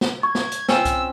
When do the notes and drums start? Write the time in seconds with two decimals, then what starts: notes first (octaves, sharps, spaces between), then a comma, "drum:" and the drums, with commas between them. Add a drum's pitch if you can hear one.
0.01 drum: snare
0.23 C#6 G#6
0.35 drum: snare
0.52 drum: hi-hat
0.69 C4 C#4 F4 E6, drum: snare
0.85 drum: kick C2, hi-hat